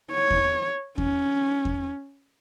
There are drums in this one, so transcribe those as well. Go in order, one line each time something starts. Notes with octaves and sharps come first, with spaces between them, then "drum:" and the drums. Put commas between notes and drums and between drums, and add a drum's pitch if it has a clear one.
C#5
drum: kick E2
C#4, drum: kick E2
drum: kick E2